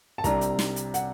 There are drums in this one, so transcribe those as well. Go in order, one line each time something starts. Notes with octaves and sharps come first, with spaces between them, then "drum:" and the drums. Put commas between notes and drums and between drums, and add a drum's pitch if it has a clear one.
A5
C2 C3 G3 D4 A#5, drum: kick, hi-hat
drum: hi-hat
drum: snare
drum: hi-hat
F#5, drum: hi-hat